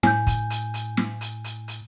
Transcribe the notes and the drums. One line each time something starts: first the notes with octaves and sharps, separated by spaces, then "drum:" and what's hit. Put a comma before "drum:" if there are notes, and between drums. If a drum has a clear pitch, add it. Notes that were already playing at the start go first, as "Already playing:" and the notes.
A2 G#5 G6, drum: snare
drum: kick, hi-hat
drum: hi-hat
drum: hi-hat
drum: snare
drum: hi-hat
drum: hi-hat
drum: hi-hat